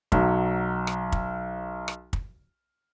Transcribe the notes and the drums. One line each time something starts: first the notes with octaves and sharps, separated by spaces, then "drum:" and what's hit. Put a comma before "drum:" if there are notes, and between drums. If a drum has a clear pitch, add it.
B1 F#3, drum: kick
drum: rim click
drum: kick
drum: rim click
drum: kick